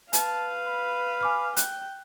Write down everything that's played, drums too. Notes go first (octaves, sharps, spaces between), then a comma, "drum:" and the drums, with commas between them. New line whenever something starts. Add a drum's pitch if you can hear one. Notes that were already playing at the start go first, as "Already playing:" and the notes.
B4 F5 A5, drum: hi-hat
B5
G#5 D6 F6
G5 F#6, drum: hi-hat